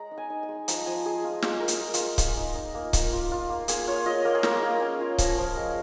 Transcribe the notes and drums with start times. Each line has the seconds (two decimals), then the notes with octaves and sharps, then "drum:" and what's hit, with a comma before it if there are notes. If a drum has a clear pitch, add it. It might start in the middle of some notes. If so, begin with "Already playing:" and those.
Already playing: G#3 A#5
0.11 D#4
0.18 G#5
0.30 D#4
0.43 G#5
0.49 G#3
0.68 F3 A#5, drum: hi-hat
0.86 F3 G#5
1.06 G#3 G#4
1.24 D#4 F4
1.42 G#3 F4, drum: snare
1.60 F4 A#4
1.68 G#4, drum: hi-hat
1.81 F4
1.94 F4, drum: hi-hat
2.00 G#3
2.18 A#3, drum: kick C#1, hi-hat
2.37 D#4
2.55 D#4
2.74 A#3
2.93 A#3, drum: kick C#1, hi-hat
3.13 F4
3.32 F4
3.50 A#3
3.68 A#3 G#4, drum: hi-hat
3.87 F4 C#5
4.06 F4 D#5
4.25 A#3 A#4
4.35 G#4
4.43 A#3 A#4, drum: snare
4.63 A#3
4.82 C#4
5.00 F4
5.18 F3, drum: kick C#1, hi-hat
5.38 F3
5.57 G#3